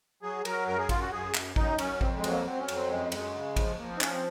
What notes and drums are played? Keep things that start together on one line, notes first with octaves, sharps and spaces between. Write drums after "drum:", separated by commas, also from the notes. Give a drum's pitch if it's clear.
F#3 G#4
F#3 A#4, drum: cymbal
F#2 A#4
G#4
F#2 F4, drum: kick A1, cymbal
F#4
F#2 G#4
F#2, drum: clap
F#2 D#4, drum: kick A1
F#2 C#4, drum: cymbal
F2 C4, drum: kick A1
G#3
F#3, drum: cymbal
A#3
F#3 C4
C#4
F2, drum: cymbal
C4
F#2 G#3
F#2 G#3, drum: cymbal
C#3
F3, drum: kick A1, cymbal
F3 A#3
C4
D#4
F3 C#4, drum: clap
C4